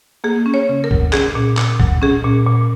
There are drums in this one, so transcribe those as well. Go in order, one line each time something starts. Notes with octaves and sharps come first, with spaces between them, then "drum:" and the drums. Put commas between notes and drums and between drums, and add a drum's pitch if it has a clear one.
A#3 G#4
C#4
C#5
C#3
A#4
F#3, drum: kick C2
C#4 G#4, drum: clap
A#2
A#2, drum: clap
F#3, drum: kick C2
C#4 G#4
A#2
A#2